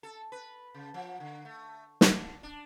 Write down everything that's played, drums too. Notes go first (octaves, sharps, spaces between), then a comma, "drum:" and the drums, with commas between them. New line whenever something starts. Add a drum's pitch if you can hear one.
A4
B4
C#3
F3
D3
A3
D3, drum: snare
D4